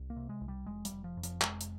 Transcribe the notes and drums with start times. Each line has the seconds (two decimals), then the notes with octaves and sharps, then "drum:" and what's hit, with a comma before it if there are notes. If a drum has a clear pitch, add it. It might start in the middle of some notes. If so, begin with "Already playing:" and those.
Already playing: C2
0.10 A#3
0.16 C3
0.29 G#3
0.41 C2
0.48 G3
0.66 F1 G#3
0.85 G3, drum: hi-hat
0.92 F1
1.04 F3
1.17 F2
1.23 F3, drum: hi-hat
1.42 F1 G#3, drum: clap
1.61 drum: hi-hat